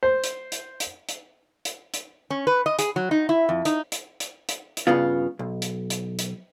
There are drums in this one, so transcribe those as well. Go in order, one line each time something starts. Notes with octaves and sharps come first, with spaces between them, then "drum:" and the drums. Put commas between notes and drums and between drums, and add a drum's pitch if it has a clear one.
C5
drum: hi-hat
drum: hi-hat
drum: hi-hat
drum: hi-hat
drum: hi-hat
drum: hi-hat
C#4
B4
D#5
G#4, drum: hi-hat
F#3
D#4
E4
F2
D#4, drum: hi-hat
drum: hi-hat
drum: hi-hat
drum: hi-hat
drum: hi-hat
G2 C#3 B3 F4
B1
drum: hi-hat
drum: hi-hat
drum: hi-hat